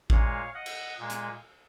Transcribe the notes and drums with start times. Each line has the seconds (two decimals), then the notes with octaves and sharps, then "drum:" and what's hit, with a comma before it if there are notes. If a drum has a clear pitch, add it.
0.10 A#2 G#3 C#5 F5, drum: kick A1
0.54 D#5 F#5
0.66 drum: cymbal
0.99 A#2 G#3
1.10 drum: hi-hat